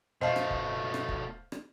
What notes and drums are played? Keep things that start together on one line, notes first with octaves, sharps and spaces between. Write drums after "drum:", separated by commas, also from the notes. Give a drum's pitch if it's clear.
B2 A3 C5 D#5 F5 A5
drum: rim click
drum: kick
drum: rim click
drum: kick
drum: rim click